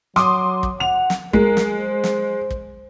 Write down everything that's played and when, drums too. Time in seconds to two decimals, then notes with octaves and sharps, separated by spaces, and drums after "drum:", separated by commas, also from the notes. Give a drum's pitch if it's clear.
0.16 F#3 C6 D6 D#6, drum: snare
0.63 drum: kick
0.80 F#5 F7
1.10 drum: snare
1.33 G#3 A#4, drum: kick
1.57 drum: snare
1.74 C5
2.04 drum: snare
2.50 drum: kick